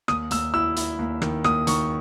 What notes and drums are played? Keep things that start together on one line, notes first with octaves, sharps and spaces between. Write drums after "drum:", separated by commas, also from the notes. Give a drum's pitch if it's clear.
D#2 D#6, drum: rim click
D#2 E6, drum: hi-hat
E4 E6
E4, drum: hi-hat
D#2
D#3, drum: rim click
D#2 D#6, drum: rim click
D#3 C#6, drum: hi-hat